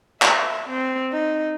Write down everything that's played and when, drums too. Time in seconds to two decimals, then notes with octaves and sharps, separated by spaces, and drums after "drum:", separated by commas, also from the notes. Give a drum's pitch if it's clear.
0.22 E5, drum: clap
0.69 C4
1.12 D#4